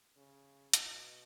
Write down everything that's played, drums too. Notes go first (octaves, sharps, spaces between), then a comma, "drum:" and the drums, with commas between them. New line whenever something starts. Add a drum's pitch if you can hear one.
C#3
B2, drum: hi-hat